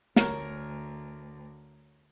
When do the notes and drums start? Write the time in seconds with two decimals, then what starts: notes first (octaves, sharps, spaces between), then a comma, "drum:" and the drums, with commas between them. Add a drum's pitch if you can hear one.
0.16 D2 A#4 C#5, drum: snare